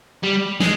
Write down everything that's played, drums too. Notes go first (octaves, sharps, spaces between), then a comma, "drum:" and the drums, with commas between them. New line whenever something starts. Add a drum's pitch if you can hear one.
G3
G#3, drum: snare